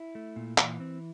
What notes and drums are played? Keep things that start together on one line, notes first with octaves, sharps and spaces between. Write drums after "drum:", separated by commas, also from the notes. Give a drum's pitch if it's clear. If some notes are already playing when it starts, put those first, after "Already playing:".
Already playing: E4
A3
A#2
E3, drum: clap
C4